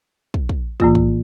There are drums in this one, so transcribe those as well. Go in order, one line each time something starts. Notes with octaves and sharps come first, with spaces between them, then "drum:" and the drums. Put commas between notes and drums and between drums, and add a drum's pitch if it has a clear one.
drum: kick
drum: kick
A2 E3 A#3 F4, drum: kick
drum: kick